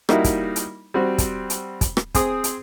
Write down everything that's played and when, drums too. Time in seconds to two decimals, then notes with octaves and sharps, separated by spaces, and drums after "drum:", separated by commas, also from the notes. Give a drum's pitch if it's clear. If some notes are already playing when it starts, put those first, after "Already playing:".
0.09 G3 A#3 D#4 E4 F#4, drum: rim click
0.24 drum: kick, hi-hat
0.56 drum: hi-hat
0.94 G3 C4 F#4
1.18 drum: kick, hi-hat
1.50 drum: hi-hat
1.81 drum: kick, hi-hat
1.97 drum: rim click
2.15 C4 G#4 D#6, drum: kick, hi-hat
2.44 drum: hi-hat